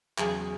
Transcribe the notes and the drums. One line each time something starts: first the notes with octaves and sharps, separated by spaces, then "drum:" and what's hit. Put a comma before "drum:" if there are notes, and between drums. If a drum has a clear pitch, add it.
E2 C#3 F#3 G#4, drum: clap